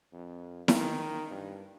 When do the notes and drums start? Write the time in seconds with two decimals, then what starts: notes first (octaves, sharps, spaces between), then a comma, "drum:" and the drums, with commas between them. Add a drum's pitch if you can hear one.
0.13 F2
0.68 D#3, drum: snare E4
1.31 G2